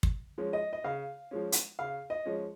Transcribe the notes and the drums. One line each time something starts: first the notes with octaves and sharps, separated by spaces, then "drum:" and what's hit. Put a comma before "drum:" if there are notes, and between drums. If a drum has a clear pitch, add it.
drum: kick
F3 G#3 C#4
D#5
D#5
C#3 F5
F3 G#3 C#4
drum: hi-hat
C#3 F5
D#5
F3 G#3 C#4